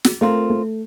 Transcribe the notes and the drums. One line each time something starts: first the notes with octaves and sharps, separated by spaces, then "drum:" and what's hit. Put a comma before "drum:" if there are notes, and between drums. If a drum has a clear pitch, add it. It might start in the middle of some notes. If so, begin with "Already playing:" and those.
drum: snare
A3 C4 F4 A#4
A3